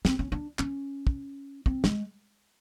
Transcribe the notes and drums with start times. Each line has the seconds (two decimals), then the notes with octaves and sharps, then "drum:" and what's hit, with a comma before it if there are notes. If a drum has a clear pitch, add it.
0.05 C4, drum: snare
0.19 C#4
0.32 D4
0.59 C#4, drum: clap
1.07 drum: kick
1.66 C4, drum: kick
1.84 G#3, drum: snare